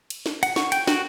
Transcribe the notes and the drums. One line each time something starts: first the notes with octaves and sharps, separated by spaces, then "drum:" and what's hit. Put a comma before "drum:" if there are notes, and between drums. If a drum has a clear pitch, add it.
drum: cymbal
drum: snare
F#5, drum: cymbal
C#6, drum: snare
G5, drum: cymbal
F#4, drum: snare